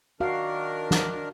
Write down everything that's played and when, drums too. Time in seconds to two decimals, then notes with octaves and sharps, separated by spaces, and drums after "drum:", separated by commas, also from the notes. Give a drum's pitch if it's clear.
0.20 D#3 D4 F#4 A#4 F5
0.91 drum: snare